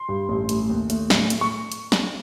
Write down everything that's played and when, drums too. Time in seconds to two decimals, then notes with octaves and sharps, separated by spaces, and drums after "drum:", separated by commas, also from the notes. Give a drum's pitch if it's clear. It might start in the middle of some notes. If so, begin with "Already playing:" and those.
Already playing: C6
0.09 G2
0.29 A1
0.49 A3, drum: hi-hat
0.69 D#2
0.90 A3, drum: hi-hat
1.10 A2, drum: snare
1.30 A3, drum: hi-hat
1.41 C#6
1.72 drum: hi-hat
1.92 drum: snare